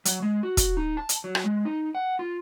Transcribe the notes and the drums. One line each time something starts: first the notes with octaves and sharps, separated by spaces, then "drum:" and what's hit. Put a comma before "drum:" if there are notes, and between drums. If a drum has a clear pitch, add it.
F#3, drum: hi-hat
G#3
F#4
drum: kick, hi-hat
D#4
A5
drum: hi-hat
F#3
drum: rim click
G#3
D#4
F#5
F4